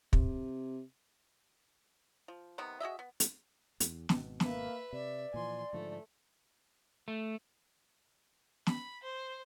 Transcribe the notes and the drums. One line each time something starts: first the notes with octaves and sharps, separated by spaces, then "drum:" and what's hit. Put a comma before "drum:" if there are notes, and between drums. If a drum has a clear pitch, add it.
C3, drum: kick
F3
C3 D#3 B3
F#4 G#4 D#5 E5
B3
drum: hi-hat
E2, drum: hi-hat
G#1 B2, drum: snare
A#3 B4 E5, drum: snare
C3 D5 E5
A#2 E3 F3 G#5 C6
G#2 D3 F3 A3
A3
B5, drum: snare
C5